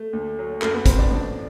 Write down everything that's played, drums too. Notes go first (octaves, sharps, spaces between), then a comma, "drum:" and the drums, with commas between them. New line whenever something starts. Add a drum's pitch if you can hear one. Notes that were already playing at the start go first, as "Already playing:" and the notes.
Already playing: A3
D2
F#3
F#2 A3 A4, drum: clap
B3 B4
A3 C4 C5, drum: kick, hi-hat
D4 D5
A1 D4 D5